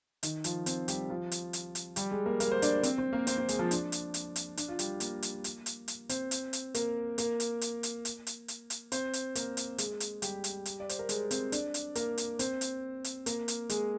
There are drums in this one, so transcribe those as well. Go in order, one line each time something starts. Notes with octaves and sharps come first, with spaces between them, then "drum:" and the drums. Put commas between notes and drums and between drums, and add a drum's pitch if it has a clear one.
D#3 D#4, drum: hi-hat
F3 F4, drum: hi-hat
C4 C5, drum: hi-hat
G3 G4, drum: hi-hat
F3 F4
drum: hi-hat
drum: hi-hat
drum: hi-hat
G3 G4, drum: hi-hat
G#3 G#4
A#3 A#4
A#3 A#4, drum: hi-hat
C5
D4 D5, drum: hi-hat
C4 C5, drum: hi-hat
C4 C5
A#3 A#4
C4 C5, drum: hi-hat
C4 C5
G#3 G#4, drum: hi-hat
F3 F4
D4, drum: hi-hat
drum: hi-hat
drum: hi-hat
drum: hi-hat
D4, drum: hi-hat
F4
G3 G4, drum: hi-hat
A#3 A#4, drum: hi-hat
drum: hi-hat
drum: hi-hat
drum: hi-hat
drum: hi-hat
C4 C5, drum: hi-hat
drum: hi-hat
drum: hi-hat
A#3 A#4, drum: hi-hat
A#3 A#4, drum: hi-hat
drum: hi-hat
drum: hi-hat
drum: hi-hat
drum: hi-hat
drum: hi-hat
drum: hi-hat
drum: hi-hat
C4 C5, drum: hi-hat
drum: hi-hat
A#3 A#4, drum: hi-hat
drum: hi-hat
G#3 G#4, drum: hi-hat
drum: hi-hat
G3 G4, drum: hi-hat
drum: hi-hat
drum: hi-hat
D5
C5, drum: hi-hat
A#4
G#3 G#4, drum: hi-hat
C4 C5, drum: hi-hat
D4 D5, drum: hi-hat
drum: hi-hat
A#3 A#4, drum: hi-hat
drum: hi-hat
C4 C5, drum: hi-hat
drum: hi-hat
drum: hi-hat
A#3 A#4, drum: hi-hat
drum: hi-hat
G#3 G#4, drum: hi-hat